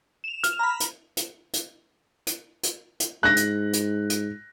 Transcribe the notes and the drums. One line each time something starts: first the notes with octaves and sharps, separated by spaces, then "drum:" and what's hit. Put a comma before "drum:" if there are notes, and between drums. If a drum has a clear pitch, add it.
E7 F7
F6, drum: hi-hat
A#5 B5
drum: hi-hat
drum: hi-hat
drum: hi-hat
drum: hi-hat
drum: hi-hat
drum: hi-hat
G#2 F#6 A#6
drum: hi-hat
drum: hi-hat
drum: hi-hat